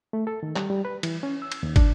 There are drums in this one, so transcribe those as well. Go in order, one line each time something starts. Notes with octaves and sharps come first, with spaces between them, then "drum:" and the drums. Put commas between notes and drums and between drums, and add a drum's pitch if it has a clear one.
A3
A4
D#3
G3, drum: clap
G3
B4
E3, drum: cymbal
C#4
E6
drum: cymbal
D#2
D4, drum: kick, cymbal